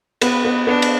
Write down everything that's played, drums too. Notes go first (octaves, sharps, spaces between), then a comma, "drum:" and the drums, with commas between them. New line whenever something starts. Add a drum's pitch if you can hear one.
B3 B4, drum: cymbal
B3
B3 D4
drum: cymbal